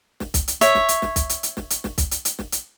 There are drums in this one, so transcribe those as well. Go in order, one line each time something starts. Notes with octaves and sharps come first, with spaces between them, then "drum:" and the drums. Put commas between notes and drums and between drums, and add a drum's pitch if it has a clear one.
drum: snare
drum: kick, hi-hat
drum: hi-hat
C#5 E5, drum: hi-hat
drum: snare
drum: hi-hat
drum: snare
drum: kick, hi-hat
drum: hi-hat
drum: hi-hat
drum: snare
drum: hi-hat
drum: snare
drum: kick, hi-hat
drum: hi-hat
drum: hi-hat
drum: snare
drum: hi-hat